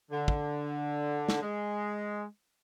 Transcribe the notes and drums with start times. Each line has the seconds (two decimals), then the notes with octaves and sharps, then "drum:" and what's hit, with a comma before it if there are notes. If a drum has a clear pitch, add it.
0.11 D3
0.28 drum: kick
1.29 drum: snare
1.42 G#3